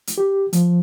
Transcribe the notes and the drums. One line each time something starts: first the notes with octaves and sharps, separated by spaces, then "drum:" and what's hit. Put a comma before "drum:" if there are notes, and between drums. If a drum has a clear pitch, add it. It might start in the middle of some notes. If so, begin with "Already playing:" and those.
drum: hi-hat
G4
F3, drum: hi-hat